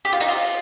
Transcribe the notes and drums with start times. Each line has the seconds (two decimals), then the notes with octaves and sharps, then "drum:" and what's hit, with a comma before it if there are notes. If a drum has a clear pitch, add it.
0.05 G4
0.13 F4
0.21 D#4
0.28 F4, drum: open hi-hat